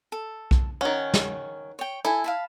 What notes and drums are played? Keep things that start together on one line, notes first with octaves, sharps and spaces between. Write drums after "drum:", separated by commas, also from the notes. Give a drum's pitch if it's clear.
A4
drum: kick B1
D#3 C#4 F#5
drum: snare
C#5 G5
E4 A4 G#5
F5 A5 B5